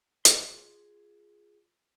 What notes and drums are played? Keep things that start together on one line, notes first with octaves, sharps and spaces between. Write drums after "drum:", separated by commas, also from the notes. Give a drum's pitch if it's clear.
F4 G#4 C6, drum: hi-hat